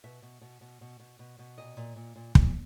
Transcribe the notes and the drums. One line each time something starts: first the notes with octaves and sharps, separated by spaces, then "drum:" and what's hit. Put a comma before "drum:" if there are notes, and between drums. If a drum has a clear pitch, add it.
B2 E5
B2
B2
B2
B2
B2
B2
B2
A#2 D#5
A#2
A#2
A#2
A#2, drum: kick